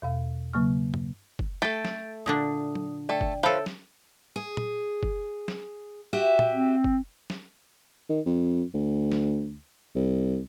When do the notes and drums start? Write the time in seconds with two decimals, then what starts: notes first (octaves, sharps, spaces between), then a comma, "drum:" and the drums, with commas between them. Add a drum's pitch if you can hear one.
0.02 E2 B2 F5
0.53 C#3 F#3 A#3 C#6 F6
0.94 drum: tom
1.39 drum: kick F#1
1.62 A3 A4 G5 G6 A6 D7
1.85 drum: snare
2.26 A#2 D3 D4 D#6
2.75 drum: tom F#3
3.09 A3 A4 D5 G5
3.21 drum: kick F#1
3.43 F3 A4 B4 C#5 E5 F5 G5 A5
3.66 drum: snare
4.36 G#4
4.57 drum: tom
5.03 drum: kick F#1
5.48 drum: snare
6.13 F#4 G4 E5
6.39 drum: tom
6.52 C4
6.84 drum: kick F#1
7.30 drum: snare
8.09 D#3
8.26 F2
8.74 D2
9.12 drum: snare
9.95 C2